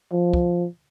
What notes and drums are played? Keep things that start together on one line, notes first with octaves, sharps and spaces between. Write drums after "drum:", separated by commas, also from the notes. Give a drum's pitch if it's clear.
F3
drum: kick